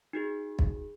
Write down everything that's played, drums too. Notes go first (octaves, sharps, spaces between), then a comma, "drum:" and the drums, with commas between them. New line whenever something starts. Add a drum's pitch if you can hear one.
D#4 F#4 G#4
drum: kick